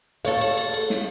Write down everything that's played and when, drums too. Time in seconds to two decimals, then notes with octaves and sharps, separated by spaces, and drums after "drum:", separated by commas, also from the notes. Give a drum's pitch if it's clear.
0.25 A4 C#5 F5, drum: cymbal
0.41 drum: cymbal
0.57 drum: cymbal
0.74 drum: cymbal
0.90 drum: snare